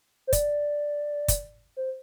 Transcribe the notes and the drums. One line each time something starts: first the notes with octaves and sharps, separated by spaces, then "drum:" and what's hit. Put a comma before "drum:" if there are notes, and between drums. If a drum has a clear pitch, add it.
C5
D5, drum: kick, hi-hat
drum: kick, hi-hat
C5